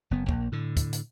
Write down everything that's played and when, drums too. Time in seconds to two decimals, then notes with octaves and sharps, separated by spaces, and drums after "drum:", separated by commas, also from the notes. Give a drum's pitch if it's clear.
0.11 F#1 B3
0.29 A#1 A#3, drum: kick
0.52 A2 D3
0.77 drum: kick, hi-hat
0.93 drum: hi-hat